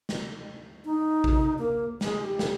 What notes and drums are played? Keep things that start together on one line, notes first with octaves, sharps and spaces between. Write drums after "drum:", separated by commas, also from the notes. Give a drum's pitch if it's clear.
drum: snare
D#4
drum: kick A1
A#3
G#3, drum: snare
G4
drum: snare